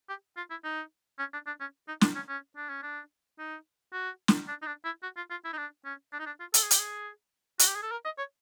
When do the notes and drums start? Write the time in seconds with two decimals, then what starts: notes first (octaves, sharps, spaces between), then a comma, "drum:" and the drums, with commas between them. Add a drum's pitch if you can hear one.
0.09 G4
0.37 F4
0.50 E4
0.64 D#4
1.19 C#4
1.33 D4
1.47 D4
1.60 C#4
1.88 D#4
2.01 D4, drum: snare
2.15 C#4
2.29 C#4
2.56 D4
2.69 C#4
2.83 D4
3.39 D#4
3.93 F#4
4.28 drum: snare
4.48 D4
4.62 D#4
4.66 D4
4.85 E4
5.03 F#4
5.17 F4
5.30 F4
5.44 E4
5.53 D#4
5.57 D4
5.85 C#4
6.12 D4
6.19 D#4
6.26 D4
6.40 F4
6.54 A4, drum: hi-hat
6.62 G#4
6.71 G4, drum: hi-hat
6.79 G#4
7.59 F#4, drum: hi-hat
7.67 G4
7.75 G#4
7.83 A4
7.91 A#4
8.05 D#5
8.18 C#5